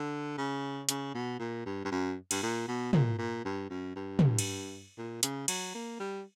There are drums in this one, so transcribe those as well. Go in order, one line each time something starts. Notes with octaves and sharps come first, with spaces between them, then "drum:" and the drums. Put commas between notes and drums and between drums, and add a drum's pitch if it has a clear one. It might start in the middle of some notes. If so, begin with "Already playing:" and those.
Already playing: D3
C#3
C#3, drum: hi-hat
B2
A#2
G2
G2
F#2
G2, drum: cymbal
A#2
B2
A#2, drum: tom
A#2
G2
F#2
G2
drum: tom
drum: cymbal
A#2
C#3, drum: hi-hat
F#3, drum: cymbal
A#3
G3